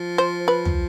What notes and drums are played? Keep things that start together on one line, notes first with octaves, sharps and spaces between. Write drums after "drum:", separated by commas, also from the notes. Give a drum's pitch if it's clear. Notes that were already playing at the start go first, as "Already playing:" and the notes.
Already playing: F3
C5
B4
drum: tom